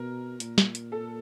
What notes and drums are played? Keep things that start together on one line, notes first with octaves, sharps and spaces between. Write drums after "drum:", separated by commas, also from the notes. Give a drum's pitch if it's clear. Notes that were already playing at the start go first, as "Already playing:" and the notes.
Already playing: B2 A#4
A#2, drum: hi-hat
drum: snare
drum: hi-hat
A4